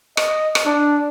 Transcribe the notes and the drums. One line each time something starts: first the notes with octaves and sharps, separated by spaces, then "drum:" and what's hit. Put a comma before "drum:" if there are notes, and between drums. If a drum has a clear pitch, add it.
D#5, drum: rim click
drum: rim click
D4